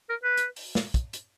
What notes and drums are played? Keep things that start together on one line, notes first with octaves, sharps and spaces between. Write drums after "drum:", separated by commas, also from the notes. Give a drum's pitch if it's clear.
A#4
B4
drum: hi-hat
drum: open hi-hat
drum: snare
drum: kick, hi-hat
drum: hi-hat